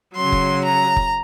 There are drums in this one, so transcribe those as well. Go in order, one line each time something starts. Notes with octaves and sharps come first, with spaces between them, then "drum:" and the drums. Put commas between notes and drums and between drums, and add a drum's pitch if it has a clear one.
C#3 F#3 C6
drum: kick F1
A#5
drum: kick F1